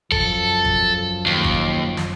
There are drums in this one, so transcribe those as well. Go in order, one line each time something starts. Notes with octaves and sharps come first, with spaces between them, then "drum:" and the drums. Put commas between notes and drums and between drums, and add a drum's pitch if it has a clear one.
F#2 F3 A4, drum: kick
drum: kick
D#2
drum: kick
drum: snare